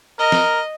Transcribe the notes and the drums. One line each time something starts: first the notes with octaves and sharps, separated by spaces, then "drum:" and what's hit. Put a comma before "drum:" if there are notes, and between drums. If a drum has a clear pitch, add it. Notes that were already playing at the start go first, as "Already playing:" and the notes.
A#4 D#5
drum: snare